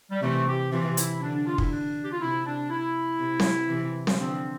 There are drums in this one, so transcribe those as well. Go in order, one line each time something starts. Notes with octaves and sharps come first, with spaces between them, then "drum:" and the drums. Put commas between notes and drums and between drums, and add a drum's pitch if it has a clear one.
G3
C3 E3 A3
G4
C3 E3 F4
E4, drum: hi-hat
D3 D4
D4
F4
E4, drum: kick
D4
G4
F4
C3 E4
D4
E4
C3
drum: snare C4
C3 E3
drum: snare C4
D3 F3 C4